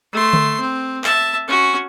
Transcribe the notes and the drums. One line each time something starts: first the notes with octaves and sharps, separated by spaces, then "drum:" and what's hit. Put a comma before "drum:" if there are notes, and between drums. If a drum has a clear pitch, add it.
A3 C6
drum: tom D3
C4
E5 A5, drum: clap
C#4 F#4